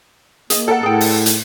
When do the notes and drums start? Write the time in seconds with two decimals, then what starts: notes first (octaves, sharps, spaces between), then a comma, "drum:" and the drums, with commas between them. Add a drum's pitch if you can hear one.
0.50 A#3 G#4 D#5, drum: hi-hat
0.68 A4 A#4 F#5
0.83 A2 G#4 G5
1.01 drum: open hi-hat
1.26 drum: hi-hat